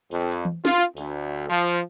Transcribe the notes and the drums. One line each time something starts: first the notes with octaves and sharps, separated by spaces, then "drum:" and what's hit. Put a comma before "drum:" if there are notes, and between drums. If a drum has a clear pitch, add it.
F2, drum: open hi-hat
drum: hi-hat
drum: tom E3
F4, drum: snare
D2, drum: open hi-hat
F3